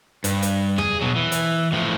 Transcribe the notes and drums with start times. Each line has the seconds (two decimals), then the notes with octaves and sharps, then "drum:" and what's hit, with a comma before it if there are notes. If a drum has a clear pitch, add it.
0.24 G2, drum: hi-hat
0.42 drum: hi-hat
0.78 G#4, drum: tom E2
1.01 B2 F#3
1.16 E3
1.32 drum: hi-hat
1.72 A2 F3